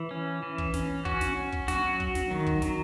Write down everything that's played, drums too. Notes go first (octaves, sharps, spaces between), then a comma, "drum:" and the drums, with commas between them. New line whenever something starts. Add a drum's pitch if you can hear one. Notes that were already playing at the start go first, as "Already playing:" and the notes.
Already playing: E3
C#4
E3
drum: kick
C#4, drum: snare
C#4 F#4, drum: kick
drum: snare
C#4
drum: kick
F#3 F#4, drum: snare
F#3, drum: kick
drum: snare
D#3
drum: kick
F#3, drum: snare